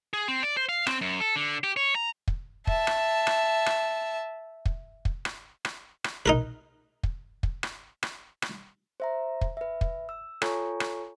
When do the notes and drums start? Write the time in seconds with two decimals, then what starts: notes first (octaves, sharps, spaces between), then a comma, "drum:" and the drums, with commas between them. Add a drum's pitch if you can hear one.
0.13 G#4
0.28 C4
0.43 D5
0.57 C5
0.69 F5
0.87 C4, drum: rim click
1.01 F#2
1.20 A4
1.36 D3
1.64 G4
1.77 C#5
1.95 A#5
2.28 drum: kick
2.67 E5 A5, drum: kick
2.87 drum: rim click
3.27 drum: rim click
3.66 drum: rim click
4.66 drum: kick
5.05 drum: kick
5.25 drum: rim click
5.65 drum: rim click
6.04 drum: rim click
6.26 D#4 A#4 B4
7.03 drum: kick
7.43 drum: kick
7.63 drum: rim click
8.03 drum: rim click
8.42 drum: rim click
9.00 C5 E5 A#5
9.41 drum: kick
9.57 B4 E5
9.81 drum: kick
10.09 E6
10.42 F4 A4 C#5 G#5 A#5 C#6, drum: rim click
10.80 drum: rim click